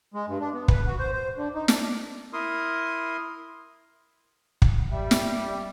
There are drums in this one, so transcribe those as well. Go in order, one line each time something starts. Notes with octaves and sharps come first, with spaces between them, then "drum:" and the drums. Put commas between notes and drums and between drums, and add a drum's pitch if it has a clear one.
G#3
G2
D4
B3
B4, drum: kick
F#4
C5
C5
D3
D#4
D4, drum: snare
E4 A#4 C6 D#6
drum: kick
G3 E5
drum: snare